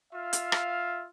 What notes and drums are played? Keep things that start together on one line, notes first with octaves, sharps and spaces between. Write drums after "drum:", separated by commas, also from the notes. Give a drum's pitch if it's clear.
F4 E5 F5
drum: hi-hat
drum: rim click